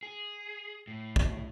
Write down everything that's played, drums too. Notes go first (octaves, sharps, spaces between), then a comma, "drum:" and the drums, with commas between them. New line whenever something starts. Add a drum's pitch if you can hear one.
G#4
A2
drum: kick